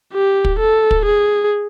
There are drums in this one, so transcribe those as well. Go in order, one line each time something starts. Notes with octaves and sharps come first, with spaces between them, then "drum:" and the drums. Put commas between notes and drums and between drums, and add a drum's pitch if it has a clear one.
G4
drum: kick
A4
drum: kick
G#4